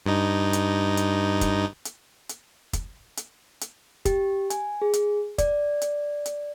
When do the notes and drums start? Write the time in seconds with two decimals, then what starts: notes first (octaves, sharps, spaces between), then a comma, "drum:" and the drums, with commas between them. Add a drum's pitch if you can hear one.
0.06 G2 D#4
0.53 drum: hi-hat
0.97 drum: hi-hat
1.41 drum: kick, hi-hat
1.85 drum: hi-hat
2.29 drum: hi-hat
2.73 drum: kick, hi-hat
3.17 drum: hi-hat
3.61 drum: hi-hat
4.05 G4, drum: kick, hi-hat
4.50 G#5, drum: hi-hat
4.82 G#4
4.93 drum: hi-hat
5.38 D5, drum: kick, hi-hat
5.82 drum: hi-hat
6.26 drum: hi-hat